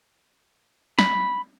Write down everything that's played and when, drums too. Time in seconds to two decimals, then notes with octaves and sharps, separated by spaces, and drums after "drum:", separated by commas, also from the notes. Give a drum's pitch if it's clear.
0.99 B5, drum: snare